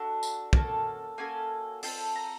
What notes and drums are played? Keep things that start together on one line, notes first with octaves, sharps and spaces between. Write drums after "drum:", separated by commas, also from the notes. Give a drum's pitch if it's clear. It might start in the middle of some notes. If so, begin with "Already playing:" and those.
Already playing: D4 F#4 A4
drum: tambourine
A#3 C#4 F#4 A4 A5, drum: kick
A#3 C#4 F#4 A4 G#5
C4 F4 A4 A5, drum: open hi-hat
A#5